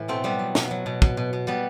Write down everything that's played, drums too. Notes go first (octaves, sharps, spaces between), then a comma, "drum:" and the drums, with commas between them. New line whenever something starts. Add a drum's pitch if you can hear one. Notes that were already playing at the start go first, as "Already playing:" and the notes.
Already playing: A2 E3 E4
B2 A3 C4
F#3 G3 B3
F#3
B2, drum: snare
F#3
B2
B2, drum: kick
B2
B2
B2 G3 B3